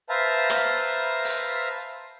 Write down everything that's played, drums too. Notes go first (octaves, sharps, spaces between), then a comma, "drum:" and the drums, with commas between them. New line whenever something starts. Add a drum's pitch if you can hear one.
B4 C5 E5 F5 A5 A#5
drum: hi-hat
drum: open hi-hat